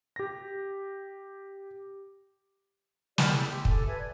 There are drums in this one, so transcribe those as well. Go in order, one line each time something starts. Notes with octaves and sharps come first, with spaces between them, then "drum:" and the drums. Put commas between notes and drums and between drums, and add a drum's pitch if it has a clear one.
G4 A#6
G4 D5 F6 G6, drum: snare
E4 G4 G#4
G4 C6 D6
A4 G#5 D6, drum: kick
B4 E5 G#5 G#6
D5